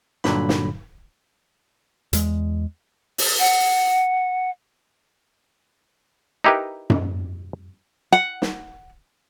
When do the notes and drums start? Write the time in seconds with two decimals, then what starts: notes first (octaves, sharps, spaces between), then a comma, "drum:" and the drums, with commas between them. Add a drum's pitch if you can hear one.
0.24 G2 A#2 D3 F#3 B5, drum: snare
0.49 drum: snare
2.13 E2 G#3, drum: hi-hat
3.18 drum: open hi-hat
3.39 F#5
6.44 D#4 E4 G4 A#4 B4
6.90 drum: tom F#2
8.12 F#5
8.42 drum: snare